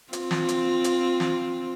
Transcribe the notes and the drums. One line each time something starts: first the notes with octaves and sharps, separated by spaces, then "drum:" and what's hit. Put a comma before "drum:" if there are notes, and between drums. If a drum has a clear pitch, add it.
C4 F4, drum: hi-hat
drum: snare
drum: hi-hat
drum: hi-hat
drum: snare